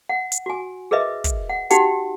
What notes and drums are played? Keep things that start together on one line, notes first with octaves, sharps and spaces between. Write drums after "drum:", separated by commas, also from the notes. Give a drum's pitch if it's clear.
F#5
drum: hi-hat
F#4 G#5
G#4 A#4 B4 D#5 E5
drum: kick, hi-hat
F#5
D#4 F#4 G4 F#5 G5, drum: hi-hat